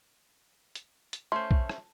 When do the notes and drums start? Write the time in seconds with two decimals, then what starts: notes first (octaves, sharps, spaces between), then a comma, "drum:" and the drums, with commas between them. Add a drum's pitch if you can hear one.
0.75 drum: hi-hat
1.13 drum: hi-hat
1.32 A3 C#4 C5 C6
1.51 drum: kick A#1
1.69 drum: rim click